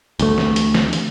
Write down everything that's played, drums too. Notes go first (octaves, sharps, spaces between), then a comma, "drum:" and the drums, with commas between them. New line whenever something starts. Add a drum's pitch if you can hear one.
D2 A3, drum: hi-hat
drum: snare
drum: hi-hat
drum: snare
drum: hi-hat